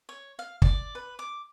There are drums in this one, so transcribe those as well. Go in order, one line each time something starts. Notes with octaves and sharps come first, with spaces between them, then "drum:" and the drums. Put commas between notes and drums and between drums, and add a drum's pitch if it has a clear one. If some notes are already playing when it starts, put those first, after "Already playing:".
C#5
F5
D5, drum: kick
B4
D6